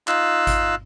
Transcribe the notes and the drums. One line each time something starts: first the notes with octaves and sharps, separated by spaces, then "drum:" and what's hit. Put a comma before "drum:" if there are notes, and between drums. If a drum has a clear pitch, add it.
D#4 F4 F5 E6 F#6, drum: clap
drum: kick G#1, hi-hat